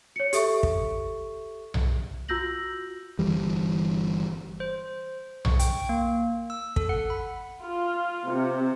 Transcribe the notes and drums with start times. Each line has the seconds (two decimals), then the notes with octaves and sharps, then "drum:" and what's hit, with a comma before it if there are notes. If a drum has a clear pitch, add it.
0.16 C#5 C#7
0.33 G4 A4 E5 C#6, drum: hi-hat
0.63 drum: kick
1.74 drum: tom B1
2.28 F4 F#4 E6 G6 A#6 F#7
3.19 G1 C#2 E3 G3
4.60 C5
5.45 C#6, drum: tom B1
5.59 G5, drum: hi-hat
5.89 A#3
6.50 E6
6.76 A4, drum: kick
6.89 F#5
7.10 B5
7.62 F4
8.32 C3